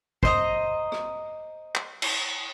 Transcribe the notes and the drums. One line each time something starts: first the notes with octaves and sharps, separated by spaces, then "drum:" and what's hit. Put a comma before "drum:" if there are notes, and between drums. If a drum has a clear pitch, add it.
C5 D#5 A#5, drum: kick
drum: rim click
drum: clap
drum: cymbal